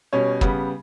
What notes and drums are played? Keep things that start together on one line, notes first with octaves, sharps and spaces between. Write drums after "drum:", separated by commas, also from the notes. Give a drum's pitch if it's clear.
B2 G3 C#4 C#5
C#3 G3 B3, drum: kick